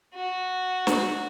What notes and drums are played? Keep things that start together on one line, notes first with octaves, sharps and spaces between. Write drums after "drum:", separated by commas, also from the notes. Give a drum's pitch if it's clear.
F#4
drum: snare